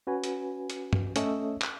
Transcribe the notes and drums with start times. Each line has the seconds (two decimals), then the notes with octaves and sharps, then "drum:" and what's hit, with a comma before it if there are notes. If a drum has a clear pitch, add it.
0.07 C#4 F#4 B4 G#5
0.24 drum: hi-hat
0.70 drum: hi-hat
0.93 drum: tom G2
1.16 A3 C#4 A4 C#5 D#5 E5, drum: hi-hat
1.62 drum: clap